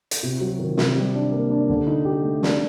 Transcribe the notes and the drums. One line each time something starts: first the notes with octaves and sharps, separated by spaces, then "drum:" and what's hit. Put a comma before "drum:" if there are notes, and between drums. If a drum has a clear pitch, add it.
drum: hi-hat
C3
F#3
D#3
C3, drum: snare
G3
D4
A#3
D4
D3
D#4
G4
A3
D4, drum: snare